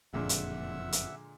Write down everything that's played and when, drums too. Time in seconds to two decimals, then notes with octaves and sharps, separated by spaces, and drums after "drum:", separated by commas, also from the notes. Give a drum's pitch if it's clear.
0.13 F#1 F2 A#2 D3 G#3 E5 F#5 E6
0.29 drum: hi-hat
0.92 drum: hi-hat